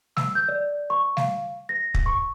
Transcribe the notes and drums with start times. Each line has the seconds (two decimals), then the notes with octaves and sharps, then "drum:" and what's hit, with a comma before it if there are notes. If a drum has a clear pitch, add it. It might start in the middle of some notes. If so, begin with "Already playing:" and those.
0.17 E6, drum: snare G3
0.35 G6
0.48 D5
0.90 C#6
1.17 F5, drum: snare G3
1.69 A#6
1.94 drum: kick
2.06 C#6